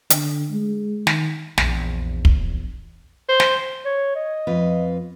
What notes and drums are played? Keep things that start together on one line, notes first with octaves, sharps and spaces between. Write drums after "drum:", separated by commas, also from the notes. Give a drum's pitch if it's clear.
D3, drum: hi-hat
G#3
D#3, drum: snare
A#1 E2, drum: snare
drum: kick
C5
drum: snare
C#5
D#5
F2 F4 B4